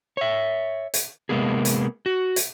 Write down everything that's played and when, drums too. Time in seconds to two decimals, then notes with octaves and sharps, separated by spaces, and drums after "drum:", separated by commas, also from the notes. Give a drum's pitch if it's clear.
0.17 C#5 E5
0.94 drum: hi-hat
1.29 C3 G#3 A#3 B3 G#4
1.65 drum: hi-hat
2.06 F#4
2.36 drum: hi-hat